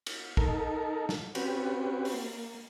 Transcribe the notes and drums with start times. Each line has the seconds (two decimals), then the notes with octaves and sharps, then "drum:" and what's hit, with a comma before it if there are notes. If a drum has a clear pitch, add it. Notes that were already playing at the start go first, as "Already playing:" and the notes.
0.06 drum: cymbal
0.37 D#4 A4 A#4, drum: kick
1.09 drum: snare
1.35 C4 C#4 F#4 G4 B4, drum: cymbal
2.05 drum: open hi-hat
2.14 A#3